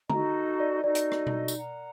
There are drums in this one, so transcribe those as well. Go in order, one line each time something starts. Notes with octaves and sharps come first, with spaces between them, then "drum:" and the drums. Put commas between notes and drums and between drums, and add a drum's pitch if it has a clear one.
D#4 F#4 A4 D#5 A#5, drum: tom D3
D5
D#4 F#4 A4 D5 D#5
drum: hi-hat
drum: rim click
drum: tom B2
drum: tambourine
A#4 F#5 A#5